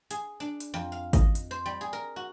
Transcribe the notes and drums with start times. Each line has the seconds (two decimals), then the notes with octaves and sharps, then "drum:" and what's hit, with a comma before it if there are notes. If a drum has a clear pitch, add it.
0.11 G#4, drum: hi-hat
0.40 D4
0.60 drum: hi-hat
0.74 F2
0.92 F5
1.13 D#5, drum: kick G#1, hi-hat
1.35 drum: hi-hat
1.51 C5
1.66 G3
1.81 G#4
1.93 A#4
2.16 F#4